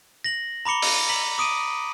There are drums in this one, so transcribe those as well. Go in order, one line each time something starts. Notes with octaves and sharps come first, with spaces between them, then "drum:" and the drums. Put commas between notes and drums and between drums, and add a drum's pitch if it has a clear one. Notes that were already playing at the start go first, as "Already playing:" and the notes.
A#6 F#7
A#5 B5 D6 C#7 G7
drum: open hi-hat
A#5 B6 F#7
D6 D#6 D7 D#7